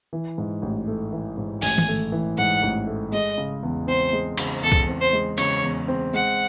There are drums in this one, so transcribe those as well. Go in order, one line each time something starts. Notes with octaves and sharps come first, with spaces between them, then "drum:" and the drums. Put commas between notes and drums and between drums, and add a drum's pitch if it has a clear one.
E3
G#2
A1
A3
E3
G#2
A1 G#5, drum: open hi-hat
drum: tom
A3
E3
G#2 F#5
A1
A3
G#3 D#5
C#3
E2
C4 C5
G#3
C#3, drum: cymbal
E2 A4
drum: kick C2
C4
C5
G#3
C#3 C#5, drum: cymbal
E2
C4
G#3 F#5